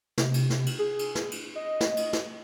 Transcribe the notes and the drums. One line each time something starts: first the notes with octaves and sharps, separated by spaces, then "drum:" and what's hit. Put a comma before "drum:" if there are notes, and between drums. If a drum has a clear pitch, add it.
C3, drum: snare
drum: cymbal
drum: snare
drum: cymbal
G#4
drum: cymbal
drum: snare
drum: cymbal
D#5
drum: snare
drum: cymbal
drum: snare